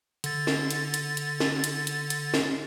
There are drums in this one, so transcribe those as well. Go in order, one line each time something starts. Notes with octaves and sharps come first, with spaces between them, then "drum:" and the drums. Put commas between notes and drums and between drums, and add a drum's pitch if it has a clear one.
D3 A6, drum: hi-hat
drum: snare
drum: hi-hat
drum: hi-hat
drum: hi-hat
drum: snare
drum: hi-hat
drum: hi-hat
drum: hi-hat
drum: snare